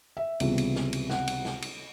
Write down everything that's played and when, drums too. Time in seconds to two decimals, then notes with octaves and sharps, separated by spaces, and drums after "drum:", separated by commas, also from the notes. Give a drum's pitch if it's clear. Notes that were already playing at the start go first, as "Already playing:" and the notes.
0.17 E5
0.40 C#2 C3 E3 G3 B3, drum: cymbal
0.58 drum: cymbal
0.75 drum: snare
0.93 drum: cymbal
1.10 F#5, drum: snare
1.27 drum: cymbal
1.45 drum: snare
1.62 drum: cymbal